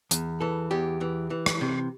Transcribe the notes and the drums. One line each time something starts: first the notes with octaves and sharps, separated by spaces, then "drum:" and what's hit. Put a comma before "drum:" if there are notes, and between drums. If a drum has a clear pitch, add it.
E2, drum: hi-hat
E3 A4
E2 G4
E3
E3
drum: rim click
C3